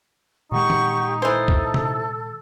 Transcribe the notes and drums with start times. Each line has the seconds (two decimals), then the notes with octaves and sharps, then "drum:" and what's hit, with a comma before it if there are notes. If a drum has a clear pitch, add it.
0.52 A#2 D#3 G#3 D#4 G4 F#5 C#6
0.70 drum: tom D#3
1.22 E3 A4 C5
1.48 drum: kick
1.74 drum: tom